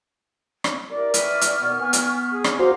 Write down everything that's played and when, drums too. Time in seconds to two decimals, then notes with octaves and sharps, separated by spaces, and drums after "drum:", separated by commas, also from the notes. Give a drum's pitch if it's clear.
0.64 drum: rim click
0.90 E4 G4 A#4 D5
1.14 E3 B5 C#6 D#6 F6, drum: hi-hat
1.41 drum: hi-hat
1.61 D#2 B2 B3
1.80 B3 G#5
1.93 drum: hi-hat
2.32 G#4
2.44 drum: rim click
2.59 F#4 A#4 C5 F5 A#5 C6 D6